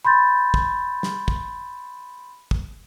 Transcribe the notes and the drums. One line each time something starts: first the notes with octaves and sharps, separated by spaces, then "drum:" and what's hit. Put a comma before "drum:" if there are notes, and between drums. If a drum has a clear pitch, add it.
B5 C6 G6 A6
drum: kick
drum: snare
drum: kick
drum: kick